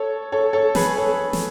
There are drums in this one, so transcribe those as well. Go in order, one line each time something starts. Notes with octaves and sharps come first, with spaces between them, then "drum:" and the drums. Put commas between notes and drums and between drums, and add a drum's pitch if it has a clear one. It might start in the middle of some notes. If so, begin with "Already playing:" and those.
Already playing: A4 C#5
A4 C#5
A4 C#5
G#4 B4, drum: snare
A4 C#5
drum: snare